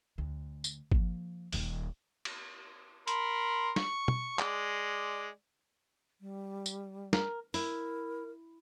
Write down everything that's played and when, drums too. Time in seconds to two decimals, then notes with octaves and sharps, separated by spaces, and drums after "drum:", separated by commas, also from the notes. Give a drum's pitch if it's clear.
0.18 D2
0.64 drum: tambourine
0.92 F3 A#3, drum: kick
1.53 D#1 D#2, drum: open hi-hat
2.25 drum: cymbal
3.08 A#4 B5 C6, drum: hi-hat
3.76 C#6, drum: snare
4.08 drum: tom
4.39 G#3 D5, drum: clap
6.21 G3
6.66 drum: tambourine
7.13 A#4, drum: snare
7.54 E4 A#4, drum: open hi-hat